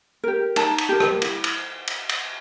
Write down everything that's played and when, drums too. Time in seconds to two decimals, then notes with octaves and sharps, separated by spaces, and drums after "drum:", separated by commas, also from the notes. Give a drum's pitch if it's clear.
0.24 G4 A#4
0.56 D#4 A5, drum: cymbal
0.78 drum: cymbal
0.89 G4 A#4
1.00 drum: rim click
1.22 E4, drum: cymbal
1.44 drum: cymbal
1.88 drum: cymbal
2.09 drum: cymbal